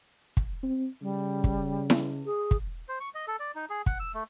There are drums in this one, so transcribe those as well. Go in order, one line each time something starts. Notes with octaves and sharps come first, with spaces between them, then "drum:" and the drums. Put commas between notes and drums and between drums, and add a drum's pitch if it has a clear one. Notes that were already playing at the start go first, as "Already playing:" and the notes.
drum: kick
C4
C#3 G3
drum: kick
drum: snare E4
G#4
drum: kick
C5
C#6
D#5
A4
D5
D#4
G#4
F#5, drum: kick
E6
A3